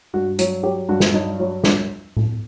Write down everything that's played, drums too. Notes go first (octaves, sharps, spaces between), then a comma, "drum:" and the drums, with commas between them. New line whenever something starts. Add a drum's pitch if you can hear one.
G2 F#4
F#3, drum: hi-hat
F#3 G4
G2 F#4
drum: snare
F#3 D#4
F#3
D4, drum: snare
drum: tom A2